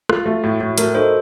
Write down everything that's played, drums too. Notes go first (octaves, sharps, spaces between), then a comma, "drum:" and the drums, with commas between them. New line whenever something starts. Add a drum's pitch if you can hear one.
F4, drum: rim click
A3
A2 F#4
A2 F#4
A3 F#4 A#4, drum: hi-hat
D#4 A4 C5